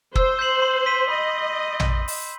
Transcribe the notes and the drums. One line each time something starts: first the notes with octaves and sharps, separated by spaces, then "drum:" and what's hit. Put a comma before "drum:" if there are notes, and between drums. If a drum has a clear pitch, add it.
C5 E6, drum: kick
G6 C7 F#7
C6
E6 B6 D#7 G7
D#5 B5
drum: tom
drum: open hi-hat